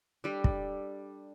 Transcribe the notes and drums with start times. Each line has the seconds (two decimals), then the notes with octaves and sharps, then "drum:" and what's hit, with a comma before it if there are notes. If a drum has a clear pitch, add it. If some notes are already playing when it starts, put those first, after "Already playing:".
0.24 G3 D4 A4
0.44 drum: kick